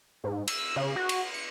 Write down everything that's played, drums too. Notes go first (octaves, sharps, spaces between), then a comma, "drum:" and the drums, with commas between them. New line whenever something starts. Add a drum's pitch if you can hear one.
G#2
E6, drum: cymbal
C#3
F#4
drum: cymbal
C#7